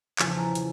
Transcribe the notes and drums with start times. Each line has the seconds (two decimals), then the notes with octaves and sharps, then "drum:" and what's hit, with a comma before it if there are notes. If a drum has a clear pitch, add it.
0.19 E2 C#3 F3 G#5, drum: clap
0.29 A5
0.37 A#5
0.47 A5
0.55 C#3 G#5, drum: hi-hat